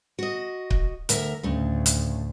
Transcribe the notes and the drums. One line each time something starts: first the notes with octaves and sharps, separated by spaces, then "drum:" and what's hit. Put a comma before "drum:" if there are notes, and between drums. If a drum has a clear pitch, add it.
F#4 D#5
drum: kick C#1
D2 A#4 E5, drum: hi-hat
D2 A2 C#3 A3
drum: hi-hat